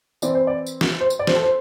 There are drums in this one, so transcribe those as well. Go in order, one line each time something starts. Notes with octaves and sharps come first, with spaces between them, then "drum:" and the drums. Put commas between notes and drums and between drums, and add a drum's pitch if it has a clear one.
E3 C4 E4 D5, drum: tambourine
C5
D5
drum: tambourine
drum: snare
C5
drum: tambourine
D5
C5, drum: snare
A4
C5